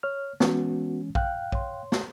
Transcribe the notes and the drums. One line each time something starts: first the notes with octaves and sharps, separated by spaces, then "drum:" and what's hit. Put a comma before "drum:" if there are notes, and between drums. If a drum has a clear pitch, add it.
C#5 F6
E3 G#3 B3 C#4 F#4, drum: snare
F5 G5 F#6, drum: kick A#1
C#5 C6, drum: kick A#1
drum: snare